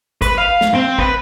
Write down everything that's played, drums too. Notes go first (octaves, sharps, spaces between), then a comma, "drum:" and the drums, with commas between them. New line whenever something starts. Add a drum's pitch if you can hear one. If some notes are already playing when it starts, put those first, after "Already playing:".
B4, drum: kick, hi-hat
F5
drum: snare
C4
B4, drum: kick